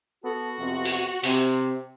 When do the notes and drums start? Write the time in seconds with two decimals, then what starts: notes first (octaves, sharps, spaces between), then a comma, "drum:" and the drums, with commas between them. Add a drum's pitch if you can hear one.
0.24 B3 F#4 A4
0.59 F2 C3 B3
0.85 drum: open hi-hat
1.24 C3, drum: open hi-hat